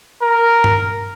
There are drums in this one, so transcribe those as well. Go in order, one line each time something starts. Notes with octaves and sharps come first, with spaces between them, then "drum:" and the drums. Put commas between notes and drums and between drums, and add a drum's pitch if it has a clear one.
A#4
drum: tom G2